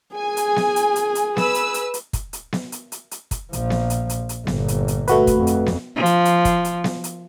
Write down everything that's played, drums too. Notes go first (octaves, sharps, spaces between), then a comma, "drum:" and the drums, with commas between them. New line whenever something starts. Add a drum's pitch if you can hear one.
G#4 G#5
drum: hi-hat
drum: snare B3
drum: hi-hat
drum: hi-hat
drum: hi-hat
B4 E6, drum: snare B3
drum: hi-hat
drum: hi-hat
drum: hi-hat
drum: kick, hi-hat
drum: hi-hat
drum: snare B3
drum: hi-hat
drum: hi-hat
drum: hi-hat
drum: kick, hi-hat
A#1 F3, drum: hi-hat
drum: snare B3
drum: hi-hat
drum: hi-hat
drum: hi-hat
G1 A#2, drum: snare B3
drum: hi-hat
drum: hi-hat
A3 F#4 B4, drum: hi-hat
drum: kick, hi-hat
F2
drum: hi-hat
drum: snare B3
F3
drum: hi-hat
drum: hi-hat
drum: kick, hi-hat
drum: hi-hat
drum: snare B3
drum: hi-hat